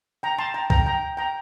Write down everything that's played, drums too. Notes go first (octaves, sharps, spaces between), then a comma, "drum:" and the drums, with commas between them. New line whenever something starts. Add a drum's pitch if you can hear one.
G5 A#5
A5 C6
G5 A#5
G5 A#5, drum: kick
G5 A#5
G5 A#5